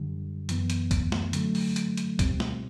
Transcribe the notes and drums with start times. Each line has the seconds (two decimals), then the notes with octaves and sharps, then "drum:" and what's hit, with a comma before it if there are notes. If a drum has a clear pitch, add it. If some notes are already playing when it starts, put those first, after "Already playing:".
Already playing: F#2 D3 G3
0.49 F#2 E3 B3, drum: hi-hat
0.70 drum: hi-hat
0.91 drum: kick, hi-hat
1.12 drum: snare
1.33 D3 F#3 A3, drum: hi-hat
1.55 drum: open hi-hat
1.76 drum: hi-hat
1.97 drum: hi-hat
2.19 B2 G3 C4, drum: kick, hi-hat
2.40 drum: snare